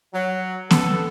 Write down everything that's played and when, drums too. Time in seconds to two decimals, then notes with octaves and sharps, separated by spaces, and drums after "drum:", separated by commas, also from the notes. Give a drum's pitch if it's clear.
0.14 F#3
0.71 B3 A4, drum: snare B3